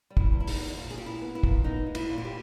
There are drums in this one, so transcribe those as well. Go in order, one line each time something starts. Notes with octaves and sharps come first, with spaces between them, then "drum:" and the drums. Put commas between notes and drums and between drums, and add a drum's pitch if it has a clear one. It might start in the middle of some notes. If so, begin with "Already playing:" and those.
G3
E4, drum: kick
E2
E4
D#4, drum: open hi-hat
E2
A#2
G#4
A#2 G4
E4
B3
E4
A#2, drum: kick
B3 D#4
G#3
E4, drum: cymbal
A#2
E4
G4